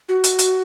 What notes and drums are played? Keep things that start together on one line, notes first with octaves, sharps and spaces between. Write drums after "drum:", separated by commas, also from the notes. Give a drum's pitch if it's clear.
F#4
drum: hi-hat
drum: hi-hat